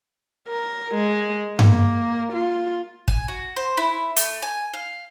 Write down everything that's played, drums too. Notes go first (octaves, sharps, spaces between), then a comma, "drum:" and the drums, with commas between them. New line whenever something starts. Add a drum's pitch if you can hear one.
A#4
G#3
A#3, drum: tom G2
F4
G#5, drum: kick
F#4
C5
E4
A3, drum: hi-hat
G#5
F5